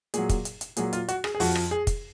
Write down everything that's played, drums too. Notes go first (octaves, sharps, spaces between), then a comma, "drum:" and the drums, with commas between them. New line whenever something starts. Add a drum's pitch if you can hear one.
A#2 F#3 G#4, drum: hi-hat
drum: kick, hi-hat
drum: hi-hat
drum: hi-hat
A#2 F#3 G#4, drum: hi-hat
F4, drum: hi-hat
F#4, drum: hi-hat
G#4, drum: rim click
G#4
F2 F3 F#4, drum: open hi-hat
drum: rim click
G#4
drum: kick, hi-hat